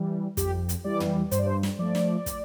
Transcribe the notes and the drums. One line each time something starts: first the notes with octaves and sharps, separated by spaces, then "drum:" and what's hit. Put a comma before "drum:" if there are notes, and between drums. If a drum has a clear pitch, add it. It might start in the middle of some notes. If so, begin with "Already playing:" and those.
Already playing: E3 G3
F2 G4, drum: kick, hi-hat
drum: hi-hat
E3 G3 D5
drum: tom
G2 C5, drum: hi-hat
D5
C5
drum: snare
F3 A3 D5
drum: snare
drum: kick, hi-hat